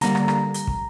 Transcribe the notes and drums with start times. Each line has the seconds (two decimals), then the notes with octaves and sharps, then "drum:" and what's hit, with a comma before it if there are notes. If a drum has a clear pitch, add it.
0.01 D3 G3 A#3 A#5, drum: hi-hat
0.15 drum: rim click
0.28 drum: rim click
0.54 drum: hi-hat
0.67 drum: kick